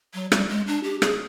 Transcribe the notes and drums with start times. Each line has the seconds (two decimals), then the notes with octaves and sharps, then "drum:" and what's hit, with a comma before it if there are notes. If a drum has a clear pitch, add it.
0.14 F#3
0.32 G3, drum: rim click
0.49 G#3
0.67 D4
0.84 G4
1.02 G#4, drum: rim click